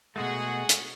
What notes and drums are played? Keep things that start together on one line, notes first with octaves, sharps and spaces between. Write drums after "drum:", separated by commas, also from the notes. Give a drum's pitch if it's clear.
B2 G#3 A3 F#4 G#4 F#5
drum: hi-hat